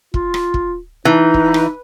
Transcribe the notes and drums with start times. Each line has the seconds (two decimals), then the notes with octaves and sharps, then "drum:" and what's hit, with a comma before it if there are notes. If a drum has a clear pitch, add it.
0.14 F4, drum: kick
0.34 drum: rim click
0.54 drum: kick
1.05 E3 D#4
1.34 drum: kick
1.54 drum: rim click